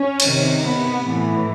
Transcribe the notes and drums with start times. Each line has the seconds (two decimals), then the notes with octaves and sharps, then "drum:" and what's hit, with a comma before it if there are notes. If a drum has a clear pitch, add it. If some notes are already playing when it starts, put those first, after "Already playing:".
Already playing: C#4
0.20 C3 D#3, drum: cymbal
0.62 B3
1.02 A2 E3